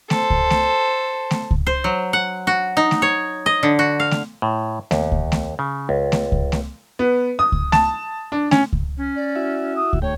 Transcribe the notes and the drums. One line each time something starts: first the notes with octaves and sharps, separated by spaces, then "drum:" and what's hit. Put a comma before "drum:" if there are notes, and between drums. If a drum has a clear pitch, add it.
A4 C5, drum: snare A3
drum: kick C#2
drum: snare A3
drum: snare A3
drum: kick C#2
C5
F#3
F#5
F#4
D#4
drum: snare A3
C#5
D#5
D3
F#4
F5
drum: snare A3
A2
D#2, drum: snare A3
drum: kick C#2
drum: snare A3
C#3
C#2
drum: snare A3
drum: kick C#2
drum: snare A3
B3
D#6
drum: kick C#2
A5, drum: snare A3
D4
C#4, drum: snare A3
drum: kick C#2
C#4
D5
E4 F#4 E5
D#6
drum: kick C#2
D2 A3 C#5 G5